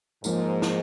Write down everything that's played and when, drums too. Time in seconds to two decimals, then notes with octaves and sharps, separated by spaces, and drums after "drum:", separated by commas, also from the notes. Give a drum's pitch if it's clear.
0.24 G#2 F3 A#3 D#4 A#4, drum: tambourine
0.62 drum: snare